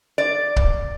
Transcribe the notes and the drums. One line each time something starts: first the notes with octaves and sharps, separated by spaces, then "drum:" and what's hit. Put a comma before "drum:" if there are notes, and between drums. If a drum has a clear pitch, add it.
D5
drum: kick C#1